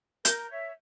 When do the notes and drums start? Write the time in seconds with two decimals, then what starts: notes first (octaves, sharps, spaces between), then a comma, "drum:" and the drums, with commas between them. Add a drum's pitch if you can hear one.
0.25 A#4 G6, drum: hi-hat
0.50 C#5 E5